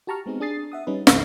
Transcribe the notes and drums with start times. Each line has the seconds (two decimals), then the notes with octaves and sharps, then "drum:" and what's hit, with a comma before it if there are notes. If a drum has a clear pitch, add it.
0.07 F#4 G4 A5 A#5 C#6 F6
0.26 G#3 B3 C4 D#4 G#4
0.40 D4 G#4 D#6 A6 C7
0.72 E5 F#5 D#6
0.87 G3 C#4 D#4 B4
1.07 A#1 F2 B2 D#3 A4 C7, drum: snare